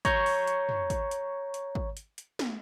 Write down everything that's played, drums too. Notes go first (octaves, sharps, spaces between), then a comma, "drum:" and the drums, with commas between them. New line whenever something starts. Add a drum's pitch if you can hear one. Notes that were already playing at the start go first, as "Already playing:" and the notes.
C#5 A#5 C#6 G6, drum: kick, hi-hat
drum: open hi-hat
drum: hi-hat
drum: tom
drum: kick, hi-hat
drum: hi-hat
drum: hi-hat
drum: kick
drum: hi-hat
drum: hi-hat
drum: snare